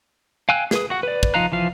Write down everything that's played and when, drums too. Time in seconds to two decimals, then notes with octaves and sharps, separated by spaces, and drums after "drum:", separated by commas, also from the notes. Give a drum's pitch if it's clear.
0.49 F5 G5 G#5 E6 F#6
0.71 G#4 B4 D#6, drum: snare
0.90 F#4 F#5
1.03 B4 D5
1.23 drum: kick
1.34 F3 D#4 F5 A#5 F#6
1.52 E3 F3 F5